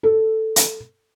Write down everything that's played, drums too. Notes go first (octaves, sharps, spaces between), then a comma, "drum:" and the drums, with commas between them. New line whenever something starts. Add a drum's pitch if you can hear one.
A4
drum: hi-hat